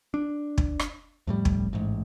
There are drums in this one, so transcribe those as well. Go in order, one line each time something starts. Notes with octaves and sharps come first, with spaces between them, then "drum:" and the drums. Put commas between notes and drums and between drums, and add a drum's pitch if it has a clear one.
D4
drum: kick
drum: rim click
F2 A2 G3
drum: kick
A1 G#2